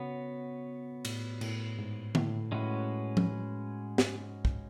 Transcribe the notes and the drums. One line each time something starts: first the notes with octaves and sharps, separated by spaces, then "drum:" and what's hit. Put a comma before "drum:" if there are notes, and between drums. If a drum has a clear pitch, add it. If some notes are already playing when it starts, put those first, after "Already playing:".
Already playing: C#3 B3 F#4 C#5
A2, drum: cymbal
A2, drum: cymbal
G#2
A2, drum: tom D3
A2 G#3 C#4 F#4 B4
drum: tom F3
G#2, drum: snare
drum: kick